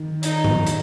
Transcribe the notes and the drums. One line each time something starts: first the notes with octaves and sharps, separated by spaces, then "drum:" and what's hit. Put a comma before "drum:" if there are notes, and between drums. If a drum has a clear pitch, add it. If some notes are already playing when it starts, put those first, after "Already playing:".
Already playing: D#3
D#4, drum: hi-hat
drum: tom G#2
drum: hi-hat